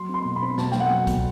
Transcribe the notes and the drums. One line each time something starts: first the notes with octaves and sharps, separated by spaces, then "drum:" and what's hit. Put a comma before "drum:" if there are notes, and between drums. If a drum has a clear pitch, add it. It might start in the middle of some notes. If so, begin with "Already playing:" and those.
Already playing: F#3 C6
C4
C6
B2
B5
C4
B2 A5, drum: snare
F#3 G5, drum: snare
F#5
F#3
B2, drum: kick, hi-hat